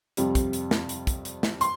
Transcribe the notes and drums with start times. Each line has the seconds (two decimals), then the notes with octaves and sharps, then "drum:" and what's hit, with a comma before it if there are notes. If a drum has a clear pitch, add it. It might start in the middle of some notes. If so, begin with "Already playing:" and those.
0.17 F2 C3 G3, drum: hi-hat
0.35 drum: kick, hi-hat
0.53 drum: hi-hat
0.71 drum: snare
0.89 drum: hi-hat
1.07 drum: kick, hi-hat
1.25 drum: hi-hat
1.43 drum: snare
1.61 C6, drum: hi-hat